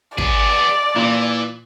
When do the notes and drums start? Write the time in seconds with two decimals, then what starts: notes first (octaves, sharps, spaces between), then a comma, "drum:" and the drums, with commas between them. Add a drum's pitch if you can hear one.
0.18 B3 G#4 D5, drum: kick
0.96 A#2 E3